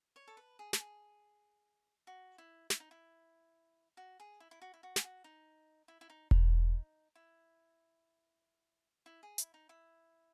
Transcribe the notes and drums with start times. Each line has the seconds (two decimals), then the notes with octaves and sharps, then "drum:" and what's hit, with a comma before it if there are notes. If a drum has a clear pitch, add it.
0.16 C#5
0.27 A4
0.37 B4
0.59 G#4
0.73 A4, drum: snare
0.80 G#4
2.07 F#4
2.38 E4
2.70 E4, drum: snare
2.80 D#4
2.91 E4
3.97 F#4
4.20 G#4
4.40 E4
4.51 E4
4.62 F#4
4.74 E4
4.83 F#4
4.96 G#4, drum: snare
5.04 F#4
5.24 D#4
5.88 E4
6.01 E4
6.10 D#4
6.31 D#4, drum: kick E1
7.15 E4
9.06 E4
9.23 G#4
9.38 E4, drum: hi-hat
9.54 D#4
9.69 E4